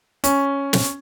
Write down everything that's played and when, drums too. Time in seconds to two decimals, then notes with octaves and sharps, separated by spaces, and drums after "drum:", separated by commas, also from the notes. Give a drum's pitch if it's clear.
0.24 C#4, drum: hi-hat
0.73 drum: snare